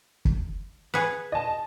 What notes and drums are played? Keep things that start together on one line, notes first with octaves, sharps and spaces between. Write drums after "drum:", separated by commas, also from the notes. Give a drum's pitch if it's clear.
drum: kick
G#4 B4
D#5 A5